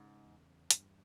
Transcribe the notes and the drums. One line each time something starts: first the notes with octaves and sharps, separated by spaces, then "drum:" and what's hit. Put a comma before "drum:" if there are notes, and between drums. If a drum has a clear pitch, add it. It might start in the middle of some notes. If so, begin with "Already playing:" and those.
Already playing: G#2 C#3
E2
G2, drum: hi-hat